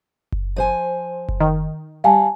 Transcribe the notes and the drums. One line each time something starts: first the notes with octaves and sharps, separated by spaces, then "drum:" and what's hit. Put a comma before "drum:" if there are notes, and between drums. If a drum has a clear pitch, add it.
drum: kick F#1
F3 C5 G#5
drum: kick F#1
D#3
G3 F5 G#5 A5